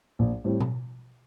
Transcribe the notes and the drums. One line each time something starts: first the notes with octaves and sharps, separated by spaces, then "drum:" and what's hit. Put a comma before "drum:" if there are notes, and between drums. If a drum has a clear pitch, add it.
A#1
A2 G3 C4
drum: tom B2